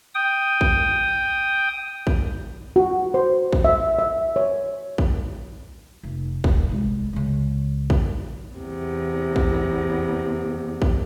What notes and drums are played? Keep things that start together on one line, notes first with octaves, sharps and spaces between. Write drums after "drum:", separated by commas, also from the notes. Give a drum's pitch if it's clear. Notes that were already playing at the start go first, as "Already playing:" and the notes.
G5 D#6
drum: kick
drum: kick
F#4
C5
drum: kick
E5
E5
C#5
drum: kick
F1
D1 A1, drum: kick
C2 G#3
C#2 C#3
drum: kick
E2 C3
drum: kick
drum: kick